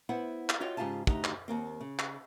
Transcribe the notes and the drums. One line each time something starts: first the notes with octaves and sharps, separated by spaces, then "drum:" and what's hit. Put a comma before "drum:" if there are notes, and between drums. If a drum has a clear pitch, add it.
B3 E4 C5 F#5
drum: clap
F4 F#4 C#5 D#5 G5
G#2 C#3 F4 G4 G#5 A5
D2 D#4 F#4 G4, drum: kick
drum: clap
D#2 A#3 C4
C#3
drum: clap